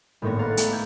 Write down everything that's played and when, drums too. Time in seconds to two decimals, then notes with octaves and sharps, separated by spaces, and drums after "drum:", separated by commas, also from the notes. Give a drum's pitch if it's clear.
0.22 G#1 A2 A#3 B3 C#5 A#6
0.39 B4 F5 F#5 A#5 F6 A6
0.57 A3, drum: hi-hat
0.71 D6 G6 G#6